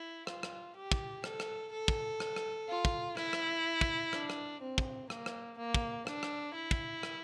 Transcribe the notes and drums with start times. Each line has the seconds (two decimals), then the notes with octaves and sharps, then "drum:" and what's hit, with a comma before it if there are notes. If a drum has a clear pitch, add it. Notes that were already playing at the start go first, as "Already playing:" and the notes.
Already playing: E4
0.27 F4, drum: rim click
0.43 drum: rim click
0.75 G4
0.92 drum: kick
1.24 A4, drum: rim click
1.40 drum: rim click
1.72 A4
1.88 drum: kick
2.20 drum: rim click
2.36 drum: rim click
2.68 F4
2.85 drum: kick
3.17 E4, drum: rim click
3.33 drum: rim click
3.81 drum: kick
4.13 D4, drum: rim click
4.30 drum: rim click
4.62 C4
4.78 drum: kick
5.10 A#3, drum: rim click
5.26 drum: rim click
5.58 A#3
5.74 drum: kick
6.07 D4, drum: rim click
6.23 drum: rim click
6.55 E4
6.71 drum: kick
7.03 drum: rim click